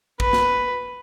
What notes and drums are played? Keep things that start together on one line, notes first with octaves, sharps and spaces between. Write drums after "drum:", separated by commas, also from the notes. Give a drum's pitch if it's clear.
B4, drum: kick
drum: snare